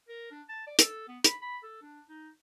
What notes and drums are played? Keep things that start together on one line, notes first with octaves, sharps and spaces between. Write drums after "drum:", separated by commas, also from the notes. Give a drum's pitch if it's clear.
A#4
D4
A5
D5
A4, drum: hi-hat
B3
B5, drum: hi-hat
B5
A4
D4
D#4